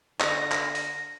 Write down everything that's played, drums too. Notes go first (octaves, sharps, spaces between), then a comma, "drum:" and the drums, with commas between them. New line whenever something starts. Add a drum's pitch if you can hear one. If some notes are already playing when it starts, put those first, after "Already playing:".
D3 A#6, drum: clap
drum: clap
drum: open hi-hat